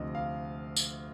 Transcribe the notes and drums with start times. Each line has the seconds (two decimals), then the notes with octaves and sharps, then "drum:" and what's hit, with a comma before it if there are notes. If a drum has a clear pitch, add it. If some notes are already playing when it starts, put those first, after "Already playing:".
Already playing: D2 C3 F3 C4 D#5
0.15 F5
0.76 drum: tambourine